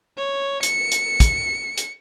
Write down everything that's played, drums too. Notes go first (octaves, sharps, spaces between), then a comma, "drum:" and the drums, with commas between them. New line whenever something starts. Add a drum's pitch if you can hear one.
C#5
C#7, drum: hi-hat
drum: hi-hat
drum: kick, hi-hat
drum: hi-hat